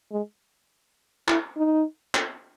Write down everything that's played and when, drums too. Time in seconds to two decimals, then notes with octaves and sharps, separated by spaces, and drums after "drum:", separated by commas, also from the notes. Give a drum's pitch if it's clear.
0.12 G#3
1.28 E4, drum: clap
1.57 D#4
2.15 drum: clap